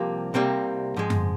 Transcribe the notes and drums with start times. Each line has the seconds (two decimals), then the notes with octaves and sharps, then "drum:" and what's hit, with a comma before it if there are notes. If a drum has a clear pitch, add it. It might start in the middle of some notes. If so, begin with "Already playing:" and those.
Already playing: C2 C3 F3 A#3 C4
0.34 C2 C3 G3 A#3 C4
0.96 G#2 F3 G#3
1.10 drum: tom F#2